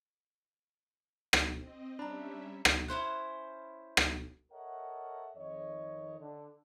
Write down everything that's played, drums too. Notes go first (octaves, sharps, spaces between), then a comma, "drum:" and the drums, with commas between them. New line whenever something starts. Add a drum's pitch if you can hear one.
drum: rim click
C4 D#5
G3 C#4 D4 E5 A#5 B5
drum: rim click
C#4 E4 C5 F#6
drum: rim click
A4 A#4 C#5 D#5 E5 F#5
F2 D#3 C#5 D#5
D3